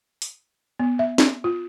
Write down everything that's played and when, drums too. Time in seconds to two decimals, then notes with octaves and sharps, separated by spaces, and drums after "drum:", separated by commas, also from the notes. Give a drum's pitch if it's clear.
0.22 drum: open hi-hat
0.79 B3
0.99 E5
1.18 drum: snare
1.44 F4